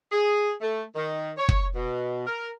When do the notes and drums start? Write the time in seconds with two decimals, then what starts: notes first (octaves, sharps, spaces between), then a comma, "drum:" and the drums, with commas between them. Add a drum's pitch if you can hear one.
0.12 G#4
0.61 A3
0.95 D#3
1.37 C#5
1.49 drum: kick
1.74 B2
2.26 A#4